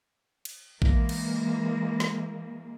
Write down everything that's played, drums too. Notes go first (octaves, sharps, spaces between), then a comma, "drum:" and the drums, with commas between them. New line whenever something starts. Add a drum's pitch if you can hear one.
drum: cymbal
E3 G#3 A#3, drum: kick A#1
drum: cymbal
drum: snare